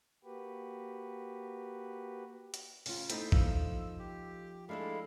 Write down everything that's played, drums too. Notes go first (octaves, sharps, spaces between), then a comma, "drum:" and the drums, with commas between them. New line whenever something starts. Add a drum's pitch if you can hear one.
A#3 F#4 G4 B4
drum: hi-hat
C#3 F4, drum: open hi-hat
A3 D#4 E4 C5, drum: hi-hat
F3 E6, drum: kick A1
G4
G#3 A3 D4 E4 A4 F5